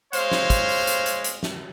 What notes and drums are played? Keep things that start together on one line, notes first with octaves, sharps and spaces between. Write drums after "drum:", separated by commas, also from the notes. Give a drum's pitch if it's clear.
G#3 C5 C#5 F5, drum: hi-hat
drum: snare
drum: kick, hi-hat
drum: open hi-hat
drum: hi-hat
drum: hi-hat
drum: hi-hat
drum: snare